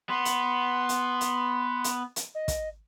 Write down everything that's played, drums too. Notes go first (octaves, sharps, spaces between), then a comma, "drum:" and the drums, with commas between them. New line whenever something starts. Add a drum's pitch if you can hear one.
B3 C6
drum: hi-hat
drum: hi-hat
drum: hi-hat
drum: hi-hat
drum: hi-hat
D#5
drum: kick, hi-hat